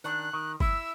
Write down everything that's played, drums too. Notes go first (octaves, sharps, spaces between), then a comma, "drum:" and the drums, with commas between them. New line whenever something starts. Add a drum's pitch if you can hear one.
D#3 D4 F#6
D#3
E4 E6, drum: kick G1